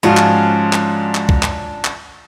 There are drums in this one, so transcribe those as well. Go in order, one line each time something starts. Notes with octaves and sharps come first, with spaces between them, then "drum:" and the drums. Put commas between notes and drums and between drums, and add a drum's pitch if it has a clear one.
G#2 F3 C#4 D4 F4 F#4
drum: clap
drum: clap
drum: clap
drum: kick
drum: clap
drum: clap